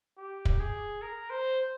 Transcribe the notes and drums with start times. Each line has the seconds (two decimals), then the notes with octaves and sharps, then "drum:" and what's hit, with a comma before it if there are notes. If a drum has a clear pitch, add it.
0.17 G4
0.45 drum: kick
0.60 G#4
1.02 A#4
1.30 C5